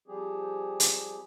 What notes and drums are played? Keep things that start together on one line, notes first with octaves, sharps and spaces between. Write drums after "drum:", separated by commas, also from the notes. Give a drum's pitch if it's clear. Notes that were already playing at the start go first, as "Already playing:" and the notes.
F3 G3 C4 G4 G#4
drum: hi-hat